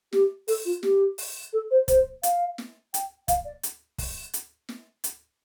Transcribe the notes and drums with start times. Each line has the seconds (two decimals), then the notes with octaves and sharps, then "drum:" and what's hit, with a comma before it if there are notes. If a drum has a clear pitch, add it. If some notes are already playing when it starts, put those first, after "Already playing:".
0.13 G4, drum: snare
0.48 A4, drum: open hi-hat
0.65 F4
0.83 G4, drum: snare
1.18 drum: open hi-hat
1.53 A4
1.71 C5
1.88 C5, drum: kick, hi-hat
2.23 F5, drum: hi-hat
2.58 drum: snare
2.94 G5, drum: hi-hat
3.28 F5, drum: kick, hi-hat
3.45 D5
3.63 drum: hi-hat
3.98 drum: kick, open hi-hat
4.34 drum: hi-hat
4.69 drum: snare
5.04 drum: hi-hat